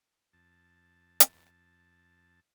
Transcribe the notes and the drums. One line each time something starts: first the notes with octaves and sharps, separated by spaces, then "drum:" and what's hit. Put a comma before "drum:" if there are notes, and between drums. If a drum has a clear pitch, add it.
F2 A5
drum: hi-hat